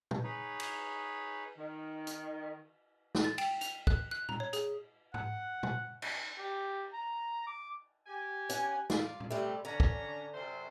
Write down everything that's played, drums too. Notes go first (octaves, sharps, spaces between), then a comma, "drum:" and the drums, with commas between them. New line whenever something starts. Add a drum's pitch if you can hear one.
drum: tom A#2
D#4 G#4 B4 C#5
drum: cymbal
D#3
drum: hi-hat
drum: snare
A6
G5, drum: cymbal
F7, drum: hi-hat
F#6, drum: kick
F#6
A#5, drum: tom A#2
C#5
G#4, drum: hi-hat
F#5, drum: tom G#2
drum: tom A#2
drum: cymbal
G4
A#5
D6
G4 G#5
C#4 F#5, drum: hi-hat
F4 D5 F5, drum: snare
drum: tom A#2
C3 G3 A3
D3 C#4 D4 A#5
drum: kick
F#2 C3 C5